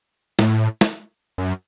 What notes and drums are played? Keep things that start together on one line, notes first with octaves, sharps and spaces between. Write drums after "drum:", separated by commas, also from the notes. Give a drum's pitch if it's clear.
A2, drum: snare
drum: snare
F#2